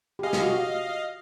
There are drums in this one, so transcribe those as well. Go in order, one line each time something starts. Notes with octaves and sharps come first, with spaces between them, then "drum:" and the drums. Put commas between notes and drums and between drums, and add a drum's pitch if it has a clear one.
G4
G#4 D#5 F5
G4, drum: snare
F#4
F4